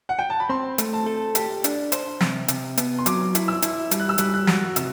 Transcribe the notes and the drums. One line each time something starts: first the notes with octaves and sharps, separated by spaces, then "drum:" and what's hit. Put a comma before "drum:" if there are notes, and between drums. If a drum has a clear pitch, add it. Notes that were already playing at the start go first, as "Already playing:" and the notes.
F#5
G5
A5
B5
C4 C6
A3, drum: hi-hat
A5
A4
G4 A5, drum: hi-hat
D4, drum: hi-hat
C5, drum: hi-hat
C3, drum: snare
C3, drum: hi-hat
B3, drum: hi-hat
C6
F#3 D6, drum: hi-hat
E4, drum: hi-hat
E6
E4, drum: hi-hat
G3, drum: hi-hat
F#6
E6
G3 F#6, drum: hi-hat
F#6
F#4, drum: snare
C3 E6, drum: hi-hat